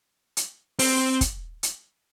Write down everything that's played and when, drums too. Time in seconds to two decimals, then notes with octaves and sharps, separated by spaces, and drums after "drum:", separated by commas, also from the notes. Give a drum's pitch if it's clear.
0.37 drum: hi-hat
0.79 C4, drum: open hi-hat
1.21 drum: kick, hi-hat
1.63 drum: hi-hat